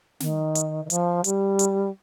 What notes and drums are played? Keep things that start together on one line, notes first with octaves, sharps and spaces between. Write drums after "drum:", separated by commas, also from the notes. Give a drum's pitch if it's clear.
D#3, drum: snare
drum: hi-hat
D#3
F3, drum: hi-hat
G3, drum: hi-hat
drum: hi-hat